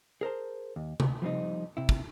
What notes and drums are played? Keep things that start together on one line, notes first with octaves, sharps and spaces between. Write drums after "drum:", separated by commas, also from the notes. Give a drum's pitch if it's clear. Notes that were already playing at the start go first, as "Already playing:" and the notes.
G#4 A#4 C5 A5
D#2
D2, drum: tom C3
F3 G3 C4 D#4
C3 E4
drum: kick